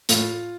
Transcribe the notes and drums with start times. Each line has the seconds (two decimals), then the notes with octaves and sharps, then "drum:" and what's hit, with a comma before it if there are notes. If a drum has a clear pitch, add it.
0.09 A2 F4, drum: hi-hat